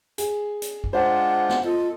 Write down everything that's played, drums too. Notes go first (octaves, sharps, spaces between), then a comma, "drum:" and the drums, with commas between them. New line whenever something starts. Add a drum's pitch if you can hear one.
G#4, drum: hi-hat
drum: hi-hat
drum: kick
G#3 D4 F4 C5 F#5
drum: snare
F4 A4 D#5